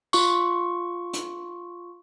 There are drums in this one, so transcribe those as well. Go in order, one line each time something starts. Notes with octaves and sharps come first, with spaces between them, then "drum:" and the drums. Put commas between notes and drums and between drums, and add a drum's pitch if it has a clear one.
F4 C#6, drum: tambourine
drum: hi-hat